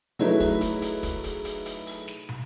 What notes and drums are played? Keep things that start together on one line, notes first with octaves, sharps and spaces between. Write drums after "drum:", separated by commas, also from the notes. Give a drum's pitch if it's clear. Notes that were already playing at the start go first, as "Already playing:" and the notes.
F#3 A3 D#4 E4 G#4 B4, drum: open hi-hat
drum: kick, open hi-hat
drum: hi-hat
drum: hi-hat
drum: kick, hi-hat
drum: hi-hat
drum: hi-hat
drum: hi-hat
drum: open hi-hat
drum: snare
drum: tom